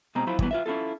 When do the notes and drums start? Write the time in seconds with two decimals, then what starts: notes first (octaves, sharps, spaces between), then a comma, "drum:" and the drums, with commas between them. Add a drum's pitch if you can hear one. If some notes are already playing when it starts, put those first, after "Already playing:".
0.15 B2 G#3 C4 A#5
0.27 F2 F#3 E4 F4 C5 B5
0.39 G2 E3 F#3 B3, drum: kick
0.51 F4 B4 E5
0.66 C#4 E4 F4 A4